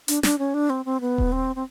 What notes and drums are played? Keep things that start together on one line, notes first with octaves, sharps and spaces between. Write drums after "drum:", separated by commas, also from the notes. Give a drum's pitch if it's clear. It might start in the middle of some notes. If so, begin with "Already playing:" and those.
D4, drum: hi-hat
D4, drum: snare
C#4
D4
C4
C4
B3
drum: kick D#1
C4
C4